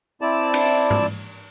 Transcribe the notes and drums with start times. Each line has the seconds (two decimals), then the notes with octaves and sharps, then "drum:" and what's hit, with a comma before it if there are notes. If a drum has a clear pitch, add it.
0.21 C4 E4 D5 A5
0.54 drum: cymbal
0.91 drum: tom